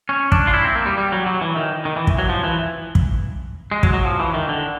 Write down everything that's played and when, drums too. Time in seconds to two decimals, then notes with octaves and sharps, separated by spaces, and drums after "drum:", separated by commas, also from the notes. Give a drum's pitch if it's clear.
0.09 C#4
0.32 D4, drum: kick
0.47 F4
0.54 E4
0.64 C4
0.75 A#3
0.86 G3
0.98 G3
1.12 F#3
1.26 F#3
1.41 E3
1.56 D#3
1.85 D#3
1.96 E3
2.07 drum: kick
2.18 F#3
2.29 F3
2.44 E3
2.95 drum: kick
3.72 G#3
3.83 F#3, drum: kick
3.93 F#3
4.05 F3
4.20 E3
4.34 D#3
4.48 D3